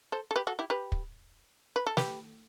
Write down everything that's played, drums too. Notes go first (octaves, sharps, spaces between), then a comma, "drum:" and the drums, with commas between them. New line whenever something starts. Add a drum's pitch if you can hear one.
A4 C5
A4
G4 B4
F#4 A4
E4 G4
G4 B4
drum: kick
B4
A4
G4 B4, drum: snare